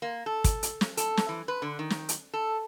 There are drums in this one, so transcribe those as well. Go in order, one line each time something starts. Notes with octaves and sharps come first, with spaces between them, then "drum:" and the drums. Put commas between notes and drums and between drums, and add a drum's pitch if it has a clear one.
A#3
A4
drum: kick, hi-hat
drum: hi-hat
drum: snare
A4, drum: hi-hat
drum: snare
E3
B4
D3
D#3
drum: snare
drum: hi-hat
A4